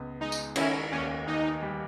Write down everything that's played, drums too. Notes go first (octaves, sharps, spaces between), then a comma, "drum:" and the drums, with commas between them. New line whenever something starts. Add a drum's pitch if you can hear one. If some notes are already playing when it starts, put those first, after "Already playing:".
Already playing: C#2 B3
G#3 D#4
drum: tambourine
D#3 C#4 E4, drum: cymbal
D#2 C#4
D#2 D#4
G3